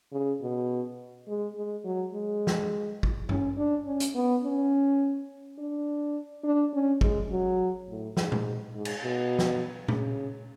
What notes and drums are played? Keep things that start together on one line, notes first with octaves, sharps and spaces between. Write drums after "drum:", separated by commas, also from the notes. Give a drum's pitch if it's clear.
C#3
B2
G#3
G#3
F#3
G#3
drum: snare
drum: kick
C#4, drum: tom G2
D4
C#4
drum: hi-hat
B3
C#4
D4
D4
C#4
G#3, drum: kick
F#3
A2
G#2, drum: snare
drum: tom A#2
G#2
drum: cymbal
B2
drum: snare
C#3, drum: tom A#2